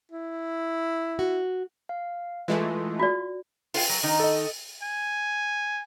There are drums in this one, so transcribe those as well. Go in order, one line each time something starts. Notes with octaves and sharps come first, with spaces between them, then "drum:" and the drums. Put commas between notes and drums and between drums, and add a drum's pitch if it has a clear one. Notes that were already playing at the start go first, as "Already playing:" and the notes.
E4
F#4
F5
E3 G#3 A3 F4
F#4 D5
F4 F5 G5, drum: open hi-hat
F#3
D#3 D#4
A4 D#5
G#5